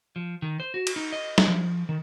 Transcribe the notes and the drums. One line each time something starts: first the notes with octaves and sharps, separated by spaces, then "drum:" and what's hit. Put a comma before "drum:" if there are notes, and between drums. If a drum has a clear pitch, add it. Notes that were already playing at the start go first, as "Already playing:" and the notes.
F3
D#3
C5
F#4
drum: cymbal
D#4
D#5
drum: snare
F3
D#3